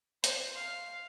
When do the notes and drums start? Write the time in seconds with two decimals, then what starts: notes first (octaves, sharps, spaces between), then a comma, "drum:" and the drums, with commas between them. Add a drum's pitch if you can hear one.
0.24 C5, drum: hi-hat
0.56 F5